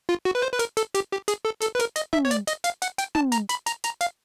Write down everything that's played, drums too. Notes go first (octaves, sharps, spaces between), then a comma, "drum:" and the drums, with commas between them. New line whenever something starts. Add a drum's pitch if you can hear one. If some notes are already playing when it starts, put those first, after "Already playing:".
F4
F#4
B4
C5
B4
A#4, drum: hi-hat
A4, drum: hi-hat
G4, drum: hi-hat
G4
G#4, drum: hi-hat
A4
A4, drum: hi-hat
B4
A#4, drum: hi-hat
D#5, drum: hi-hat
E5, drum: tom
C#5
D5, drum: hi-hat
D#5, drum: hi-hat
F5, drum: hi-hat
F#5, drum: hi-hat
G5, drum: hi-hat
A5, drum: tom
A#5, drum: hi-hat
B5, drum: hi-hat
A#5, drum: hi-hat
A#5, drum: hi-hat
F5, drum: hi-hat